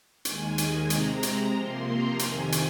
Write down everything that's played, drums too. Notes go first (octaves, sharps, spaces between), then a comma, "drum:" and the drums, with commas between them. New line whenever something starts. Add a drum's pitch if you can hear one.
D#2 D#3 G#3 G#5, drum: hi-hat
drum: hi-hat
C3 G#3 C4 A#5, drum: hi-hat
drum: hi-hat
C3 F3 A#3 C6
A#5
F2 C3 D#3 G#5, drum: hi-hat
drum: hi-hat